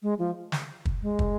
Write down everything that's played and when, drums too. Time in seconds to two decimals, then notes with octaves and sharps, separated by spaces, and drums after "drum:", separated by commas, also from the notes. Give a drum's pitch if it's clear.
0.03 G#3
0.19 F3
0.52 drum: snare
0.85 drum: kick
1.02 G#3
1.19 drum: kick